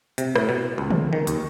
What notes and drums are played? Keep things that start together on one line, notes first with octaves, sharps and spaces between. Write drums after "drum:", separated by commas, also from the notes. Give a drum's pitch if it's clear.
C3, drum: hi-hat
A2, drum: rim click
B2
C#2
drum: tom D3
D#3
D#2, drum: hi-hat